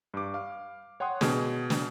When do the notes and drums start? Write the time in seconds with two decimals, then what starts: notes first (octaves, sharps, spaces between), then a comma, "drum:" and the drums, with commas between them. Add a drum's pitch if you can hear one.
0.14 G2 D6
0.34 F5
1.00 C#5 F#5 G5 C6 D#6
1.21 B2 G#4 G#6, drum: snare
1.70 drum: snare